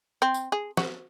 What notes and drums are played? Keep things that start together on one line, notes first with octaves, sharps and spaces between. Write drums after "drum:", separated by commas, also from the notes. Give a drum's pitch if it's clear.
C4
drum: tambourine
G#4
F#4, drum: snare